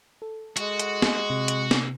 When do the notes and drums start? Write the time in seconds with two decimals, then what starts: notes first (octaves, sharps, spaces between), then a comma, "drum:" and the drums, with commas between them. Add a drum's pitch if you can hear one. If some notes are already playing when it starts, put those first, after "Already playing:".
0.22 A4
0.57 G#3 F#4, drum: hi-hat
0.80 drum: hi-hat
1.02 drum: snare
1.30 C3
1.48 drum: hi-hat
1.71 drum: snare